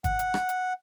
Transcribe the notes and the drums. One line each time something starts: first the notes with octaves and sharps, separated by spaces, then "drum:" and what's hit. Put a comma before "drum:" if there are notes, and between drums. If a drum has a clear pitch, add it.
F#5, drum: kick G1, hi-hat
drum: hi-hat
drum: rim click
drum: hi-hat